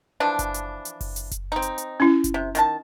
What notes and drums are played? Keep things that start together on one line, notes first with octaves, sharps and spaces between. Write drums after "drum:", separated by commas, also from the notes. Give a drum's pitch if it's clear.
E3 F3 D4
drum: kick F#1, hi-hat
drum: hi-hat
drum: hi-hat
drum: kick F#1, open hi-hat
drum: hi-hat
drum: kick F#1, hi-hat
C4 D#4
drum: hi-hat
drum: hi-hat
C#4 E4
drum: kick F#1, hi-hat
C3
D#3 F4 A5, drum: hi-hat